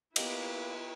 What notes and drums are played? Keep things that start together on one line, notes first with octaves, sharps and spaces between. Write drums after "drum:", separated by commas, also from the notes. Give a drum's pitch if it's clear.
A#3 B3 E4 G4 B4 D#5, drum: cymbal